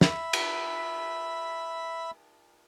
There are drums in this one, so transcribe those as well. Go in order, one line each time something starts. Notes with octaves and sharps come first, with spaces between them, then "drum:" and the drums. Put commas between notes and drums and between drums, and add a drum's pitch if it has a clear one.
E5 B5, drum: snare
drum: cymbal